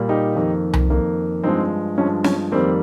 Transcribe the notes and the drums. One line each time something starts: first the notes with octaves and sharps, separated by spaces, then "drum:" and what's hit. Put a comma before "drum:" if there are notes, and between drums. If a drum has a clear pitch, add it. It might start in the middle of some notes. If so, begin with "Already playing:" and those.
Already playing: A#2 G3 A#3
D#4 G4
F2 D#3 A#3
drum: tom C2
F2 D#3 A#3
G2 F3 G#3 C4 D#4
G2 F3 G#3 C#4
C#4, drum: snare
F2 D#3 G3 A#3 C4